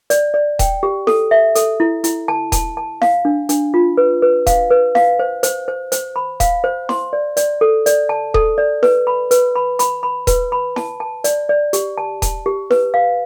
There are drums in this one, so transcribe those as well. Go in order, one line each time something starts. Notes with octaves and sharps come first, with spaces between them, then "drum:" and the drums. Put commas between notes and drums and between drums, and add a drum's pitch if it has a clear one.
D5, drum: hi-hat
D5
G5, drum: kick D#1, hi-hat
G4
A4, drum: snare E4
E5
A4, drum: hi-hat
E4
E4, drum: hi-hat
A5
A5, drum: kick D#1, hi-hat
A5
F5, drum: snare E4
D4
D4, drum: hi-hat
F4
B4
B4
F5, drum: kick D#1, hi-hat
B4
F5, drum: snare E4
C5
C5, drum: hi-hat
C5
C5, drum: hi-hat
B5
F5, drum: kick D#1, hi-hat
C5
C6, drum: snare E4
D5
D5, drum: hi-hat
A4
D5, drum: hi-hat
A5
A4, drum: kick D#1
D5
B4, drum: snare E4
B5
B4, drum: hi-hat
B5
B5, drum: hi-hat
B5
B4, drum: kick D#1, hi-hat
B5
A5, drum: snare E4
A5
D5, drum: hi-hat
D5
G4, drum: hi-hat
A5
A5, drum: kick D#1, hi-hat
G4
B4, drum: snare E4
F5